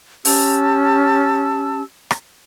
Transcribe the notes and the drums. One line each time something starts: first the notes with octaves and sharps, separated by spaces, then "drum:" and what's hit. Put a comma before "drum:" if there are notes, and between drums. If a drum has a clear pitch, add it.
C#4 G4 A5 E6, drum: open hi-hat
drum: rim click